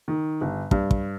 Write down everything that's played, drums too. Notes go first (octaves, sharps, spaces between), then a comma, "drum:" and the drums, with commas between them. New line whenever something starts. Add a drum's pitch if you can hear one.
D#3
G1
G2, drum: kick
drum: kick